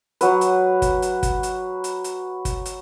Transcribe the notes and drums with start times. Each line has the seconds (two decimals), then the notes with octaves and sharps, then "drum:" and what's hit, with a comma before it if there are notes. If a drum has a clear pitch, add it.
0.21 F#3 B4, drum: hi-hat
0.41 drum: hi-hat
0.82 drum: kick, hi-hat
1.02 drum: hi-hat
1.23 drum: kick, hi-hat
1.43 drum: hi-hat
1.84 drum: hi-hat
2.04 drum: hi-hat
2.45 drum: kick, hi-hat
2.65 drum: hi-hat